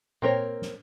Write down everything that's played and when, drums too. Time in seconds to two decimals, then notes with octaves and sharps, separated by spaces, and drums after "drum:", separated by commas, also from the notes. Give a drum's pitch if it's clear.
0.22 A#3 C4 A#4 C#5, drum: tom A#2
0.62 drum: snare